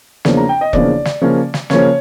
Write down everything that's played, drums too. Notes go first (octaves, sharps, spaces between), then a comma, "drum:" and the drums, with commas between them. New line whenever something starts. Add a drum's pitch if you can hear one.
E2 C#3 F3 A#3 D4, drum: snare
A#5
G5
D#5
E2 C#3 F3 A#3 D4 D5, drum: kick E1
drum: snare
C#3 F3 A#3 C#4
drum: snare
C#3 F3 A#3 C#4 C#5, drum: snare